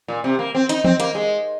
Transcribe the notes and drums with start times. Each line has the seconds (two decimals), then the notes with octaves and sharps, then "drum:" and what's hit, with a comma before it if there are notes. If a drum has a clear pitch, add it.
0.08 A#2
0.24 C3
0.39 A#3
0.55 C4
0.69 D#4, drum: hi-hat
0.84 C4, drum: tom E3
1.00 A#3, drum: hi-hat
1.15 G#3